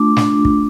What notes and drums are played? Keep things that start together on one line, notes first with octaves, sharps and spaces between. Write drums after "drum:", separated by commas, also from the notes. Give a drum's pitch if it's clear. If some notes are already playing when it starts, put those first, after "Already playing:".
Already playing: A3 D4 F4 D6
A3 D4 F4, drum: snare
drum: kick